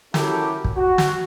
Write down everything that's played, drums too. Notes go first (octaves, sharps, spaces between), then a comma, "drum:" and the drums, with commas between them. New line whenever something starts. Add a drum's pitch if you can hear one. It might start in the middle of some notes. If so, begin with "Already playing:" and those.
C#4 E4 F#4 G4 A4 A#4, drum: snare
drum: kick
F#4
drum: snare